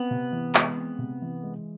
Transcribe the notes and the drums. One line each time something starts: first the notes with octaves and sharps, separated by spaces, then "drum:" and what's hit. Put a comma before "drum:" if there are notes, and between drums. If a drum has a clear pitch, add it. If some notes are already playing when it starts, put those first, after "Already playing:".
Already playing: B3 C4
C3
E3
G#3, drum: clap
C4
C3
E3
G#3